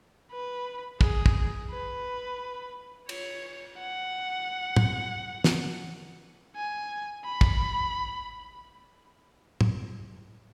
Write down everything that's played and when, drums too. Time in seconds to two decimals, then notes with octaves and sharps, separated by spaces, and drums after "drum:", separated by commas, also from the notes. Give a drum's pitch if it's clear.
0.32 B4
1.01 G#4, drum: kick
1.26 drum: kick
1.70 B4
3.09 C#5, drum: cymbal
3.79 F#5
4.76 drum: tom
5.44 drum: snare
6.56 G#5
7.25 B5
7.41 drum: kick
9.61 drum: tom